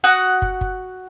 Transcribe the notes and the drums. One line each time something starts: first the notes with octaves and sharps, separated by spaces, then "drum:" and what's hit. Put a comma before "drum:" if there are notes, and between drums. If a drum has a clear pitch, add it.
F#4 F#5 D#6
drum: kick
drum: kick